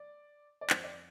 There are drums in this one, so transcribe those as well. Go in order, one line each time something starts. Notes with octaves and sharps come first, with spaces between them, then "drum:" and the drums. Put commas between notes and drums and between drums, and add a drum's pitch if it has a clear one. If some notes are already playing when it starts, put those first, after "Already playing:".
Already playing: D5
D5
F2 F3 C5, drum: clap
D5